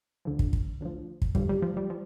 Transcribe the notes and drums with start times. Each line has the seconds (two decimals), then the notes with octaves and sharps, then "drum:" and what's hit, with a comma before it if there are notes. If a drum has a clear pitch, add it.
0.25 D2 D3 F3
0.39 drum: kick
0.53 drum: kick
0.81 D2 D3 F3
1.22 drum: kick
1.35 G2 D3 F3 G3, drum: kick
1.49 G3
1.62 F3
1.77 G3
1.90 F3